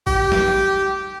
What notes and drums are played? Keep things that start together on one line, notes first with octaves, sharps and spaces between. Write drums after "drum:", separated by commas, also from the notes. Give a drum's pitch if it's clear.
G4, drum: kick
drum: snare